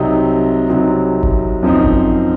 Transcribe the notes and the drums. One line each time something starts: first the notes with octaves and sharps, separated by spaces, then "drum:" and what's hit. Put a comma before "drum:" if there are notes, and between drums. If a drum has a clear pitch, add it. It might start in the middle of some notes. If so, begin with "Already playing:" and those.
Already playing: C2 C3 F#3 C4 D#4
C2 C3 F#3 C4 D#4
drum: kick G#1
F#2 F3 C4 D#4
drum: kick G#1